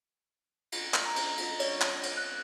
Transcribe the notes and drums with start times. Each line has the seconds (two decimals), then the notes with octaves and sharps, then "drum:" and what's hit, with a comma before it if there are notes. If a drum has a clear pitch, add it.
0.72 drum: cymbal
0.94 drum: clap
1.05 A#5
1.16 drum: cymbal
1.38 drum: cymbal
1.59 C#5, drum: cymbal
1.81 drum: clap
2.03 drum: cymbal
2.17 F#6